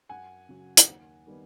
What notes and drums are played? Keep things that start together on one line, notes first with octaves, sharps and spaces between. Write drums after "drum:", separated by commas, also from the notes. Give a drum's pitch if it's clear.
F#2 F#5 G#5
C#3 F#3
drum: hi-hat
D#2
D#3 G3 B3